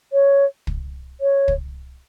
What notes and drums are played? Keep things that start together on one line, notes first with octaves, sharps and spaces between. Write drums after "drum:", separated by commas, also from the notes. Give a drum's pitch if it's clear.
C#5
drum: kick
C#5
drum: kick